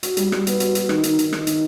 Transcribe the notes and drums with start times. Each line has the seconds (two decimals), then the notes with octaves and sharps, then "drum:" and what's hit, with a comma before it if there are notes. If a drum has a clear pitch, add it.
0.03 F#4, drum: hi-hat
0.17 G3, drum: hi-hat
0.32 G3, drum: rim click
0.47 B3, drum: hi-hat
0.60 F#4, drum: hi-hat
0.75 F#4, drum: hi-hat
0.89 D#3, drum: rim click
1.03 D#3, drum: hi-hat
1.19 D#3, drum: hi-hat
1.33 D#3, drum: rim click
1.47 D#3, drum: hi-hat